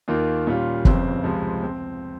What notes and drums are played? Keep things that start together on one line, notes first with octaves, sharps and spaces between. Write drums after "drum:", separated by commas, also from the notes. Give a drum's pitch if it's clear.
D#2 D#3 A#3 F4
A#2 G3 C#4 F4
G1 F2 C#3 F3 C4, drum: kick
C#2 C3 F3 G#3
C4